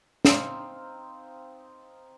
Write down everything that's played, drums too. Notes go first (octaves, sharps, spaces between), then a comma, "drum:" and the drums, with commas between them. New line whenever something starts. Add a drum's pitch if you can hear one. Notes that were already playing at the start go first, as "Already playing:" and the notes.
C4 D#4 F5, drum: snare